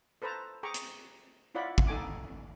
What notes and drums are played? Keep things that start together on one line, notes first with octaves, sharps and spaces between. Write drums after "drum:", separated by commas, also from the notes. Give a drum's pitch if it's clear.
A4 B4 C5 A5 A#5
G#4 G5 A#5 C#6 D6
drum: hi-hat
E4 F4 C#5 D5 F#5 B5
drum: kick
D#4 A4 G#5 D6